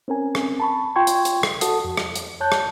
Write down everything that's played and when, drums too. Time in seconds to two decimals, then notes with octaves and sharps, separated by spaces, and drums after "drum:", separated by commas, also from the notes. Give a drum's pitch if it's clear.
0.08 C4 C#4 A#4 G#5
0.35 drum: rim click
0.60 A5 B5 C#6
0.96 F4 G5 C6 C#6 G#6
1.07 drum: hi-hat
1.25 drum: hi-hat
1.43 drum: rim click
1.61 F#4 A4 A5 D#6, drum: hi-hat
1.85 F2
1.97 drum: rim click
2.16 drum: hi-hat
2.41 C#5 A5 F#6 G6
2.52 drum: rim click